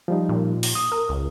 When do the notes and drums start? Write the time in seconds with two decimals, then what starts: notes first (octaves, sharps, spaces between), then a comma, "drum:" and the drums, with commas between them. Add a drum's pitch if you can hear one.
0.08 F3 G3 D#4
0.29 A#2
0.63 drum: open hi-hat
0.75 D#6
0.92 A#4
1.09 C#2